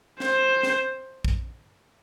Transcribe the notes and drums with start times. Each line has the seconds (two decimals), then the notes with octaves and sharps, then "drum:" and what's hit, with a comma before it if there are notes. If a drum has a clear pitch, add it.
0.20 C5, drum: snare
0.63 drum: snare
1.25 drum: kick